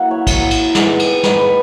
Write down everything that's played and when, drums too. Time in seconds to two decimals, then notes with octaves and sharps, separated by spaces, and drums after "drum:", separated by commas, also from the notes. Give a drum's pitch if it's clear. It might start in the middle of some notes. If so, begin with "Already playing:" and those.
Already playing: F#3 A#3 E4 E5 F#5
0.11 C#5
0.27 F#3 A#3 E4, drum: kick, cymbal
0.51 drum: cymbal
0.75 G#3 B3 D#4, drum: snare
0.99 drum: cymbal
1.23 G#3 B3 D#4 B4, drum: snare
1.40 B4